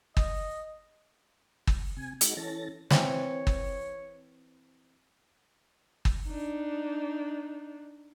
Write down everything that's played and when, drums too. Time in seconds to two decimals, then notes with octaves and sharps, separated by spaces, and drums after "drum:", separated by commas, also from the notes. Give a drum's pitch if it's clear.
0.17 D#5, drum: kick G1
1.67 drum: kick G1
1.97 C3 G#5
2.21 G#3 D#4 F#4, drum: hi-hat
2.37 E3 C#4 A4 A6 A#6
2.90 E3 C4 C#5, drum: snare
3.47 drum: kick G1
6.05 drum: kick G1
6.28 D4 D#4